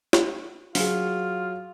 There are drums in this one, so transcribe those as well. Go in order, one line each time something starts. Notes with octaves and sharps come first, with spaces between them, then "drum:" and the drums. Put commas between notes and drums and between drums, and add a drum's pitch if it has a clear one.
drum: snare
F#3 F4 G#4, drum: open hi-hat